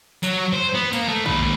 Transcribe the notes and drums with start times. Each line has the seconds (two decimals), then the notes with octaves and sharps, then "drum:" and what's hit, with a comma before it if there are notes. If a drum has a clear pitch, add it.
0.23 F#3 F#4, drum: tambourine
0.53 C5
0.74 B3
0.93 A#3, drum: tambourine
1.09 A3
1.26 D#2 B4, drum: kick